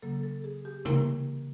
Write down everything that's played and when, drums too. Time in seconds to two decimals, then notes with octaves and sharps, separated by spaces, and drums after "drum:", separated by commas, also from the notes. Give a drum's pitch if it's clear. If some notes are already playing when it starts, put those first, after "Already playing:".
0.02 C#3 F#3 A#3 A4
0.23 A4
0.44 G#4
0.65 G4
0.85 C#3 E3 G3 A#3 A#4, drum: tom